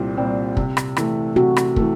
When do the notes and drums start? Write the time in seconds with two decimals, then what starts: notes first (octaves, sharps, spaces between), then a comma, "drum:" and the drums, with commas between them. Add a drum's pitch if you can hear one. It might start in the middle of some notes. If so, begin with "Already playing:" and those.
Already playing: C2 A#2 C4
0.17 A#2 G3 C4
0.57 C3, drum: kick
0.77 drum: rim click
0.97 E3 A3, drum: rim click
1.36 C3 F#4
1.56 drum: rim click
1.76 E3 A3, drum: kick